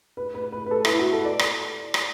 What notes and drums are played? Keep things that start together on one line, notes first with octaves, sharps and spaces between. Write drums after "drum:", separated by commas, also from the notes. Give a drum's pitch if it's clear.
B4
B4
B4
B4
A4
E4, drum: rim click
F#4
A4
D5
drum: rim click
drum: rim click